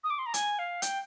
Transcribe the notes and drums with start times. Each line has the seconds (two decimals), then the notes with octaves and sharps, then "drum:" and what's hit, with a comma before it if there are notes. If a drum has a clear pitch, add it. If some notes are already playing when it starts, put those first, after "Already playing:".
0.04 D#6
0.10 D6
0.19 C6
0.26 A#5
0.34 G#5, drum: hi-hat
0.59 F5
0.82 G5, drum: hi-hat